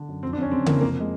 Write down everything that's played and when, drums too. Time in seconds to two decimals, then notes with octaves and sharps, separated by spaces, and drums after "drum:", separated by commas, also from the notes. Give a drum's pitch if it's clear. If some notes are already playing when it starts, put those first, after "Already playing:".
Already playing: D3
0.08 F#2
0.23 F2 C4
0.33 D4
0.37 F2
0.42 C#4
0.51 C#3 C4
0.66 E3 A#3, drum: tom C#3
0.81 F2 A#3
1.00 G#3